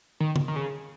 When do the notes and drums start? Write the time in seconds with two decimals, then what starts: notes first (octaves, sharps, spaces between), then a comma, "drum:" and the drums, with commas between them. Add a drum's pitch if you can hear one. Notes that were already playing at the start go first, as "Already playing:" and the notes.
0.20 D#3
0.36 drum: tom
0.48 D#3
0.56 C#3